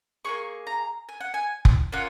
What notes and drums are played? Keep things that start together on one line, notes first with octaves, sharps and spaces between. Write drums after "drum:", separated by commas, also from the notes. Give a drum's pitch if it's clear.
A#3 C#4 G#4 C#6
A#5
G#5
F#5
G#5
drum: kick F1
A#3 C#4 F4 F#5